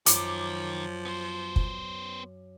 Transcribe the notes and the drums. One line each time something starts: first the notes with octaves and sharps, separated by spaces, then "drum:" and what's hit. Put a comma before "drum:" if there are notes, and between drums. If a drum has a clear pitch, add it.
F#2 D#3 F3 D6, drum: hi-hat
B3 C5
drum: kick